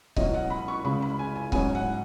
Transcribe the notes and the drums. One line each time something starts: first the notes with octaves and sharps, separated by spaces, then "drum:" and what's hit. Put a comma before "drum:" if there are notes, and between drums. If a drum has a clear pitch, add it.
C#2 B2 F#3 D#5, drum: kick C#1
F#5
B5
C#6
C#2 C#3 G#3 B5
B5
G#5
G#5
G#2 F#3 B3 G#5, drum: kick C#1
F#5